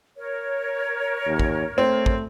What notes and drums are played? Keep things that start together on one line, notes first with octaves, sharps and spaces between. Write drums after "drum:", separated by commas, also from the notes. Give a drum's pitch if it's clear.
A#4 C#5
D#2
drum: kick
A3 C4
drum: kick